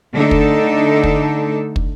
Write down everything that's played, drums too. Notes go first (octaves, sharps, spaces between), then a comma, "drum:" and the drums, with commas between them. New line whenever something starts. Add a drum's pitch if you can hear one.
D3 A3 D4 D#4 A4
drum: kick
drum: kick
drum: kick